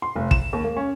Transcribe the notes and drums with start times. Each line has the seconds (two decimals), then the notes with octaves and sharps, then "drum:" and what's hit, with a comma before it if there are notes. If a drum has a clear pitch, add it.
0.02 C6
0.16 F1
0.31 E7, drum: kick
0.53 D#2
0.64 A#3
0.77 C#4